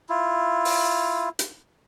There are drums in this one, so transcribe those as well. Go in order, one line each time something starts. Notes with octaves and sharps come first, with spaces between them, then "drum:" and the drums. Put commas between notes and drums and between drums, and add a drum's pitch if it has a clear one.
E4 F4
drum: open hi-hat
drum: hi-hat